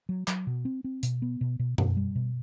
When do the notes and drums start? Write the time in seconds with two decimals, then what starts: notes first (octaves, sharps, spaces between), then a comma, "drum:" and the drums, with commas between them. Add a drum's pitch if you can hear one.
0.09 F#3
0.28 F#3, drum: clap
0.47 B2
0.65 C4
0.84 C4
1.03 B2, drum: hi-hat
1.22 B3
1.41 B2
1.59 B2
1.78 B2, drum: tom F#2
1.97 G3
2.16 B2